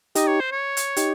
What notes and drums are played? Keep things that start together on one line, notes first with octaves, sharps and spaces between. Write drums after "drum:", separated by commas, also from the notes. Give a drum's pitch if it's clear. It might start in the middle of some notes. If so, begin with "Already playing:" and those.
D#4 G4 D#5, drum: hi-hat
C#5
C5
C#5
drum: hi-hat
D#4 G4, drum: hi-hat